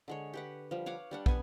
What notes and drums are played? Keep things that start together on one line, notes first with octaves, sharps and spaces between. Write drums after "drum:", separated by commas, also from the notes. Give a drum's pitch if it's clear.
D3 G#3 C#5
G4 B4 F#5
F3 G3
C#5 F5 F#5 D6
G3 D4 F#5
B3 G#5, drum: kick